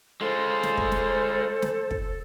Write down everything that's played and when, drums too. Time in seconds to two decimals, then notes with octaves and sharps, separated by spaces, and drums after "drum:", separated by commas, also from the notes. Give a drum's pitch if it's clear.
0.21 G#3 F4 A4 C5
0.63 drum: snare
0.77 drum: kick
0.92 drum: snare
1.62 drum: snare
1.91 drum: kick